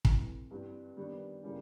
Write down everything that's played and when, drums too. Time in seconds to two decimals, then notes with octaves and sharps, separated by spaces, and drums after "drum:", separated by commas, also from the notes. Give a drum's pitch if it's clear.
0.05 E3 A3 C4, drum: kick
0.51 G2 E3 G3 C4
0.97 D#3 G3 B3 D4
1.43 C#3 E3 G3 A#3